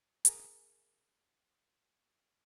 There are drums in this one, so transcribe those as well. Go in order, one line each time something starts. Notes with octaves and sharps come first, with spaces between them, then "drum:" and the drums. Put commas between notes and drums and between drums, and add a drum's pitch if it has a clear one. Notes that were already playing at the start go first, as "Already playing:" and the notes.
G#4 A#4 G#5 A#5, drum: hi-hat